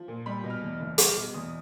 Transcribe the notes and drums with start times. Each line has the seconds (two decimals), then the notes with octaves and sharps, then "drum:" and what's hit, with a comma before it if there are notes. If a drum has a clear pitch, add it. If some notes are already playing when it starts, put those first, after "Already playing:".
Already playing: F3
0.08 A#2
0.26 G3 B5
0.44 B2
0.50 F6
0.63 E2
0.80 F#1
0.98 G3 D6, drum: hi-hat
1.17 B2
1.34 E2 D#6